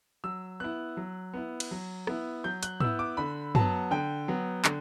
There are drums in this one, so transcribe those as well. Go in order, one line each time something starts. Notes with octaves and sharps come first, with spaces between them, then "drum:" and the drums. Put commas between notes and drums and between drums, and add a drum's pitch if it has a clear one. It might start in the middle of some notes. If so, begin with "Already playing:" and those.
F#3 E6
B3 E4 F#6
F#3
B3 E4
drum: cymbal
F#3
B3 E4, drum: rim click
F#3 G6
F#6, drum: hi-hat
B3 E4 E6, drum: tom
D6
D3 B5
F#3 B3 A5, drum: tom
D3 G5
F#3 B3
D3, drum: clap